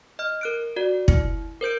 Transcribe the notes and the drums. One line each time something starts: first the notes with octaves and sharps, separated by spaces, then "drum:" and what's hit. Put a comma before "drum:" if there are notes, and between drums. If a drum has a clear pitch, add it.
D#5 F6
A#4 F#6 D7
F#4 D5
E4, drum: kick
A#4 C5 G6 D7